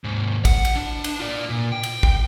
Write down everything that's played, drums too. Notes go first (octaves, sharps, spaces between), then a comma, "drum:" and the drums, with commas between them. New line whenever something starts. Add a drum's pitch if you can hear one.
D#2 G#2
F#5, drum: kick, cymbal
drum: cymbal
D4
drum: cymbal
F4 D5
A#2
G5
drum: cymbal
drum: kick